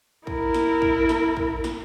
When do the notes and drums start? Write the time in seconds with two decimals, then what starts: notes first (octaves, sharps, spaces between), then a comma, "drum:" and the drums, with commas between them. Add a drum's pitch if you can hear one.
0.27 E4 A#4, drum: kick
0.54 drum: snare
0.82 drum: kick
1.09 drum: snare
1.37 drum: kick
1.64 drum: snare